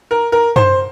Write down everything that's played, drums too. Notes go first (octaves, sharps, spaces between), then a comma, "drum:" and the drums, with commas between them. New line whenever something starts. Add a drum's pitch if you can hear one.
A#4
A#4
C5, drum: tom F#2